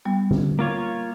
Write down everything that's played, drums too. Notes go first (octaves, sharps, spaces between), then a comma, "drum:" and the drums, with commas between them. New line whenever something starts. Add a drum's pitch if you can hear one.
G3 B3
drum: tom
A#3 F4 C#5